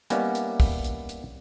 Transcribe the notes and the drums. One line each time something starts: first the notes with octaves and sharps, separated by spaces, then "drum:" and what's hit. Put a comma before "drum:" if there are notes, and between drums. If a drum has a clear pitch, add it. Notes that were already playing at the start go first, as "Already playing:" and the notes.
G3 A#3 B3 C#4 D#4 E4, drum: hi-hat
drum: hi-hat
drum: kick, open hi-hat
drum: hi-hat
drum: hi-hat